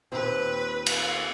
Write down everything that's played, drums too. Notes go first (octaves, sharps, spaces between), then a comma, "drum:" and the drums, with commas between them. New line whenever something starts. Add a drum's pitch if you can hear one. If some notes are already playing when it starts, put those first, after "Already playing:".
D#2 A#2 C4 B4
drum: cymbal